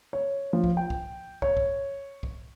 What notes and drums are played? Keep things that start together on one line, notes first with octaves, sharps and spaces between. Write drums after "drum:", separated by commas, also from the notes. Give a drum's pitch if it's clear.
C#5
F3
drum: kick
G5
drum: kick
C#5, drum: kick
drum: kick
drum: kick